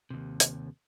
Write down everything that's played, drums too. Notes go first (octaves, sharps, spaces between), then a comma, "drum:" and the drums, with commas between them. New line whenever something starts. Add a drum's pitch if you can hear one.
D#2 C3
drum: hi-hat